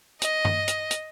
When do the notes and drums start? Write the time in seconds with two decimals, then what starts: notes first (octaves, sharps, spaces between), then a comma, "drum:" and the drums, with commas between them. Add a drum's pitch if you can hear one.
0.22 D#5, drum: hi-hat
0.45 drum: tom G2
0.68 drum: hi-hat
0.91 drum: hi-hat